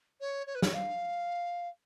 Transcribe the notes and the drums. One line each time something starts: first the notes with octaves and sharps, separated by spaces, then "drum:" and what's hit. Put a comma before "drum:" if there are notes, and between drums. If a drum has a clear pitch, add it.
C#5
C#5
B4
C#5, drum: snare
F5